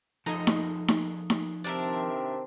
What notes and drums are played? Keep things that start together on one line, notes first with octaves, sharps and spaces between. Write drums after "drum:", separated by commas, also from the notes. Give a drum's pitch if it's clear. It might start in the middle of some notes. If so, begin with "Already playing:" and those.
F3 D#4 G#4 A4 D#5 A#5
drum: snare D#4
drum: snare D#4
drum: snare D#4
C3 D#3 C4 D4 A#4 E5